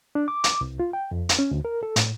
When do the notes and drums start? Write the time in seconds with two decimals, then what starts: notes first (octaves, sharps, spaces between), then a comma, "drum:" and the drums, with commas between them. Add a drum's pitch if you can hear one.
0.15 D4
0.28 D6
0.44 D6, drum: hi-hat
0.61 C2
0.80 F4
0.93 G5
1.11 F2
1.29 drum: hi-hat
1.39 C#4
1.51 D2
1.65 A#4
1.83 A4
1.96 A2, drum: hi-hat